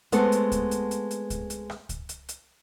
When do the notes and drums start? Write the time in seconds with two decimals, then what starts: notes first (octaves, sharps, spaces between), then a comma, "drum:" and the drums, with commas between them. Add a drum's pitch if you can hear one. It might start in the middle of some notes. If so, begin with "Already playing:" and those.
0.12 G#3 A3 B3 C4 A4, drum: hi-hat
0.32 drum: hi-hat
0.52 drum: kick C#2, hi-hat
0.71 drum: hi-hat
0.91 drum: hi-hat
1.11 drum: hi-hat
1.30 drum: kick C#2, hi-hat
1.50 drum: hi-hat
1.70 drum: rim click
1.89 drum: kick C#2, hi-hat
2.09 drum: hi-hat
2.29 drum: hi-hat